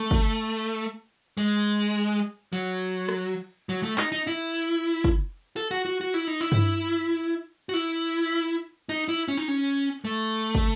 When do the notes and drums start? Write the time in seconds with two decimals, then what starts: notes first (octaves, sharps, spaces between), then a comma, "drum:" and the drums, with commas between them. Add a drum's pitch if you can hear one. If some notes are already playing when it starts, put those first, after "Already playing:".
Already playing: A3
0.11 drum: kick
1.38 G#3, drum: open hi-hat
2.53 F#3, drum: cymbal
3.09 drum: rim click
3.69 F#3
3.83 A3
3.98 D#4, drum: clap
4.12 D#4
4.27 E4
5.04 drum: kick
5.56 A4
5.71 F#4
5.86 F#4
6.01 F#4
6.14 E4
6.27 D#4
6.41 E4
6.52 drum: tom G2
7.69 F#4
7.74 E4, drum: open hi-hat
8.89 D#4
9.09 E4
9.28 C#4
9.37 D#4
9.48 C#4
10.05 A3
10.55 drum: kick